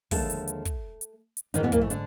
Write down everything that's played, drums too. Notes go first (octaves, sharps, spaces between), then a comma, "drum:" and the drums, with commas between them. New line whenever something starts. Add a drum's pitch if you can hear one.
D#2 D3 F3 G#3 A3 A4, drum: kick, open hi-hat
drum: hi-hat
drum: hi-hat
drum: kick, hi-hat
drum: hi-hat
drum: hi-hat
G#2 D#3 E3 G#3 D#4, drum: hi-hat
B2 B3
A#2 A#3, drum: kick, hi-hat
A3
D3 D4, drum: hi-hat